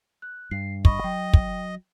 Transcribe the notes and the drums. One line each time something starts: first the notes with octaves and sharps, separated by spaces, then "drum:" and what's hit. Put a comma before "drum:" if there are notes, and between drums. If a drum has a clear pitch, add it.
F#6
G2 C7
D#5 B5 C#6, drum: kick
F#3 G5
drum: kick